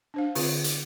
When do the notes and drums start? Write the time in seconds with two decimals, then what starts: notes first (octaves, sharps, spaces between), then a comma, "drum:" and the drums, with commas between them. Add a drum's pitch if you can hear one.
0.14 D4 C5 F5
0.35 D3 C4 F4 G#4 B4, drum: open hi-hat
0.64 drum: hi-hat